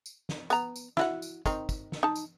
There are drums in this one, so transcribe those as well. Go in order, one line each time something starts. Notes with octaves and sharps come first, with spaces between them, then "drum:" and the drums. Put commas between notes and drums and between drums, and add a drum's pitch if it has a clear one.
drum: tambourine
drum: snare
B3 A#5, drum: tambourine
drum: tambourine
E4 F#4 F#5, drum: snare
drum: tambourine
D#3 C4 D#4, drum: kick, tambourine
drum: kick, tambourine
drum: snare
D#4 A5
drum: tambourine